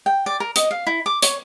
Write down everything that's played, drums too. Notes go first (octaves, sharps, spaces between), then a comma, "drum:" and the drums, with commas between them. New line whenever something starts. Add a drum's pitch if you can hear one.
G5
D5
A#4
D#5, drum: hi-hat
F5
E4
D6
C#5, drum: hi-hat